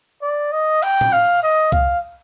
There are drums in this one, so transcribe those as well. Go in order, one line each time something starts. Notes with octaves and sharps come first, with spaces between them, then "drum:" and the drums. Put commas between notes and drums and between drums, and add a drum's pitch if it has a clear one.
D5
D#5
G5, drum: cymbal
drum: tom
F5
D#5
F5, drum: kick